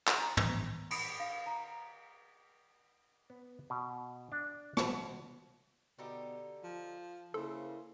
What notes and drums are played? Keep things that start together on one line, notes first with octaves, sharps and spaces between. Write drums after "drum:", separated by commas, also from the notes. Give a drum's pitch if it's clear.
drum: clap
A#5
drum: tom
B5, drum: cymbal
F5
A#5
B3
B2
D4
B2, drum: rim click
B2 D3 D#4 G4
F3
C#3 A#3 E4 A4 C5